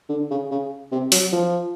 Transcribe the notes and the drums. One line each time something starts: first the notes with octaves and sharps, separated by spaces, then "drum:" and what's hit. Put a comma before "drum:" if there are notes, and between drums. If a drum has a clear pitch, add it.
D3
C#3
C#3
C3
F#3, drum: open hi-hat
F3